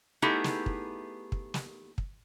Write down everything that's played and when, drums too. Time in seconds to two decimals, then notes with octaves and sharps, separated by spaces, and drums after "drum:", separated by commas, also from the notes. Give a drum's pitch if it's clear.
0.22 A3 B3 D#4 E4 G4 G#4
0.44 drum: snare
0.66 drum: kick
1.32 drum: kick
1.54 drum: snare
1.98 drum: kick